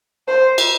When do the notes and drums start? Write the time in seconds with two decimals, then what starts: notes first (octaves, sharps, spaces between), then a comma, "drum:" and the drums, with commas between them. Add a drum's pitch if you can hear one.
0.28 C5
0.58 drum: cymbal